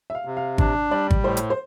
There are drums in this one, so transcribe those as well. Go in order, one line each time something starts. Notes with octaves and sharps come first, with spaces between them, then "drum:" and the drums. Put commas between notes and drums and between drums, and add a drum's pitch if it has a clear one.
E5
F5
C3
F5
D4, drum: kick G#1
G3 D5
drum: kick G#1
A2 C5
drum: hi-hat
C5